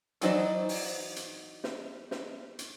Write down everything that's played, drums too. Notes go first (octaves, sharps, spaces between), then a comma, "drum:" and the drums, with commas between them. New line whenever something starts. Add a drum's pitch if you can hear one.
E3 F#3 D#4 C5 D5, drum: hi-hat
drum: open hi-hat
drum: hi-hat
drum: snare
drum: snare
drum: hi-hat